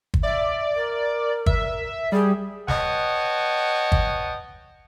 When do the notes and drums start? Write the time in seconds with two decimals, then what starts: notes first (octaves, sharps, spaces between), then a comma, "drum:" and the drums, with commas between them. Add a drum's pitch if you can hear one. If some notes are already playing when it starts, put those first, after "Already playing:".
0.14 drum: kick
0.23 D5 E5
0.75 A#4
1.46 E5, drum: kick
2.12 G3 G#4
2.68 B4 C#5 D#5 F#5 G5 A5, drum: snare
3.92 drum: kick